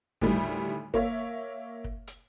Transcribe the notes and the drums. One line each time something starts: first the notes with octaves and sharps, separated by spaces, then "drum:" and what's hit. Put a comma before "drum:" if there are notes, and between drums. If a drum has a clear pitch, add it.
D2 A2 D#3 G3, drum: kick
A#3 C#5 E5, drum: kick
drum: kick
drum: hi-hat